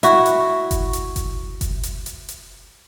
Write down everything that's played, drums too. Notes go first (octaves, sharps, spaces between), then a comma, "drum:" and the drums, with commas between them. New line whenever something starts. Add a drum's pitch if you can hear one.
E4 F#4, drum: hi-hat
drum: hi-hat
drum: kick F#1, hi-hat
drum: hi-hat
drum: kick F#1, hi-hat
drum: kick F#1, hi-hat
drum: hi-hat
drum: hi-hat
drum: hi-hat